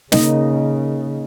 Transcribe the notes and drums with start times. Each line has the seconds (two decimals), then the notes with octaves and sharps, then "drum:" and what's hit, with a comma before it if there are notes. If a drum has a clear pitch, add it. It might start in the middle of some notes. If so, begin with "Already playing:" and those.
0.12 C#3 A#3 D#4 D#5, drum: snare